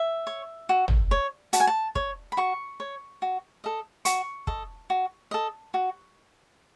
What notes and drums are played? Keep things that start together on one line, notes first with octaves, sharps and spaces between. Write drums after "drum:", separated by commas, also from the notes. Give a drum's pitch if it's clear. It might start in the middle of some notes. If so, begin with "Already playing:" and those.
Already playing: E5
C#5
F#4
drum: tom
C#5
F#4 A5, drum: hi-hat
G#5
A5
C#5, drum: kick
B5
F#4 C#6
C#5
F#4
A4 D#5
F#4 C#6, drum: hi-hat
A4 D#5, drum: kick
F#4
A4 D#5
F#4